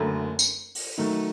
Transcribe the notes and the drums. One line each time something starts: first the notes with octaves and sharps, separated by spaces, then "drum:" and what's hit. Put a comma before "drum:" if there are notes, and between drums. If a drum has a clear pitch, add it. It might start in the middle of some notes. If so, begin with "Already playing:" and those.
Already playing: F#1 F#2 D3 A3
drum: tambourine
drum: open hi-hat
D#3 F#3 A3